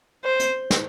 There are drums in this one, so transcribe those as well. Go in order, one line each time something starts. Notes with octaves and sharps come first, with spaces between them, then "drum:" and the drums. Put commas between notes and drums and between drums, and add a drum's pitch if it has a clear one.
C5
drum: hi-hat
drum: snare